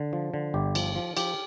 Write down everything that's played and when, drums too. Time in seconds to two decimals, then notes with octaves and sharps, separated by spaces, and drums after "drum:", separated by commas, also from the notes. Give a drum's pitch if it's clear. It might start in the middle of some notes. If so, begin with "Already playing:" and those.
Already playing: D3
0.13 F3
0.34 D3
0.54 G1 G4
0.75 F3, drum: cymbal
0.96 F3
1.17 F3 G4, drum: cymbal